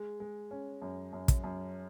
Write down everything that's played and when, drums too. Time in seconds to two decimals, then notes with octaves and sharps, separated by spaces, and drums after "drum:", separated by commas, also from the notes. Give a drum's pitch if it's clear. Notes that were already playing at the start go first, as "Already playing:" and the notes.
Already playing: G#3
0.20 G#3
0.51 C#4
0.82 F#2
1.13 F#2
1.28 drum: kick, hi-hat
1.44 F#2